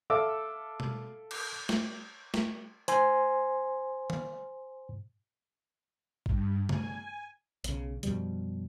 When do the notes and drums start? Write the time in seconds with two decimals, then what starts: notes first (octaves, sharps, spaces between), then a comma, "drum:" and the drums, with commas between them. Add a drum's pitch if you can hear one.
0.10 A4 E5 F5 D6 E6
0.80 drum: tom B2
1.31 drum: cymbal
1.69 drum: snare
2.34 drum: snare
2.88 C5 G#5 C6, drum: hi-hat
4.10 drum: tom D#3
6.26 G2, drum: kick A1
6.69 G#5, drum: tom C#3
7.64 B1 C#3, drum: hi-hat
8.03 F#2 B2 F3 G3, drum: hi-hat